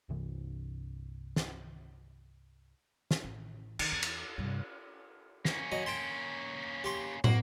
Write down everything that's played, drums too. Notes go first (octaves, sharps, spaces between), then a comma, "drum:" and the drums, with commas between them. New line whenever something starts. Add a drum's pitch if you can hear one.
C2 G2 C3 E3
drum: snare
drum: snare
A1
D#3, drum: cymbal
E2
drum: cymbal
G2 C3
A#3 C#4, drum: snare
F#3 D#5
G5 A5 C6
G4 C6 C#6
A#3 F#4, drum: tom